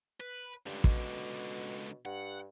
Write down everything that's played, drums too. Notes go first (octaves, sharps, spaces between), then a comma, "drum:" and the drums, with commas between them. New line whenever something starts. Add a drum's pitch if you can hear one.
B4
C#2 G2 D3
B2, drum: kick
G2 F#5